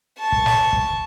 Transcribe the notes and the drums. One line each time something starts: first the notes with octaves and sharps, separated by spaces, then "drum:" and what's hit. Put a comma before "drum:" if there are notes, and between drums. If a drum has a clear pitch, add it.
A5 C#6
drum: kick
drum: snare
drum: kick